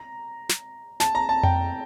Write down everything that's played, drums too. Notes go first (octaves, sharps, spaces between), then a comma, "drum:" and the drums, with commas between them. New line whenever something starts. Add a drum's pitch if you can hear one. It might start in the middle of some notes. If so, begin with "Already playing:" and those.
Already playing: A#5
drum: snare
A5, drum: snare
A#5
A5
G5, drum: tom F2